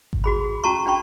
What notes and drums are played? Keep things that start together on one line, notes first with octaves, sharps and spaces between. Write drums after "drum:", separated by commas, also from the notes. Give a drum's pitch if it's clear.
drum: kick G#1
F#4 G#4 B5
C#4 F#4 A5 A#5 C#6
D4 G5 B5 C#6